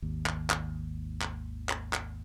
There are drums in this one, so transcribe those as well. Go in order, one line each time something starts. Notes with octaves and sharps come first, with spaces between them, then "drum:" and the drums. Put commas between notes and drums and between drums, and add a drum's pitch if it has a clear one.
G#1 D#2
drum: clap
drum: clap
drum: clap
drum: clap
drum: clap